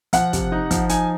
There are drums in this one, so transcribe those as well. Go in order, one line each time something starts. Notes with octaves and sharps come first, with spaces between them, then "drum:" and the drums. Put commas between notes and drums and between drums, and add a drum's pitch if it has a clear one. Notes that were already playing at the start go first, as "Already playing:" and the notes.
F3 F#5, drum: hi-hat
C3, drum: kick, hi-hat
D#4
F3, drum: kick, hi-hat
D#4 G#5, drum: hi-hat